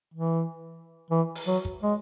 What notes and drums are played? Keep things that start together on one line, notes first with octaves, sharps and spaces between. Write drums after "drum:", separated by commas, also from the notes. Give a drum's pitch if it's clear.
E3
E3
drum: open hi-hat
F#3
drum: kick
G#3